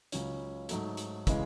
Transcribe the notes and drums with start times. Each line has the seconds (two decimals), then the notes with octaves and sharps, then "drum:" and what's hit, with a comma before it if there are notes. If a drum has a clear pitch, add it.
0.12 C#2 C#3 F#3 C#4, drum: hi-hat
0.69 G#2 F#3 A3, drum: hi-hat
0.97 drum: hi-hat
1.27 C#3 E3 G#3, drum: kick, hi-hat